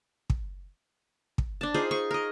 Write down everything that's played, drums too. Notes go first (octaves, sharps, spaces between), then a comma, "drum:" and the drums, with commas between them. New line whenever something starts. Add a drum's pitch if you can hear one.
drum: kick
drum: kick
D4 A5
D#4 F4 G#4 C5
G#4 C#6
A#4 D#5